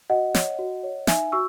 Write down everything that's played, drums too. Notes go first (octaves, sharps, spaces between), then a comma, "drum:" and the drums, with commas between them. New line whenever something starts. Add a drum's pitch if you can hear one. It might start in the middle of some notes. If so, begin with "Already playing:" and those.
F#4 D#5 F#5
C#5, drum: snare
F#4
C#5
D#4 E5 G#5, drum: snare
F#4 C#6 E6